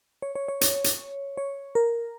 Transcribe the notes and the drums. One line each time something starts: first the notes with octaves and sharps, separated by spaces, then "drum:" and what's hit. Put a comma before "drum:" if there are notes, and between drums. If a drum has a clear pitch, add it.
C#5
C#5
C#5
C#5, drum: hi-hat
drum: hi-hat
C#5
A#4